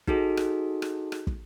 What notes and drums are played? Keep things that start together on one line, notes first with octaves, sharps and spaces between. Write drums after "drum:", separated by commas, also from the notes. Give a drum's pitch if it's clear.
D#4 F#4 G#4 A4, drum: kick
drum: rim click
drum: rim click
drum: rim click
drum: kick